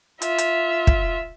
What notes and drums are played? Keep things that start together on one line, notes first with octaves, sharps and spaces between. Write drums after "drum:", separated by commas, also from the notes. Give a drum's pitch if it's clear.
F4 E5, drum: hi-hat
drum: hi-hat
drum: kick